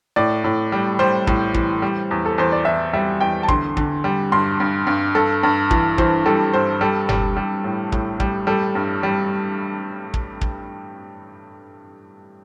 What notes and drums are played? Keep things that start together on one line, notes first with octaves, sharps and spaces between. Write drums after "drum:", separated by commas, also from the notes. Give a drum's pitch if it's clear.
A2 D5
A2
G3
G3 C5
A2, drum: kick
E3, drum: kick
G3
E2
A4
E2 C5
D5
E2 E5
G3 E5
E2 G5
A5
D3 C6, drum: kick
D3, drum: kick
G3
G2 C6
G2
G2
G2 A4
G2
E3, drum: kick
E3 C5, drum: kick
G3 A4
G2 C5
G3 A4
G3, drum: tom F#1
G3
A2
A2, drum: kick
G3, drum: kick
G3 A4
G2
G3
drum: kick
drum: kick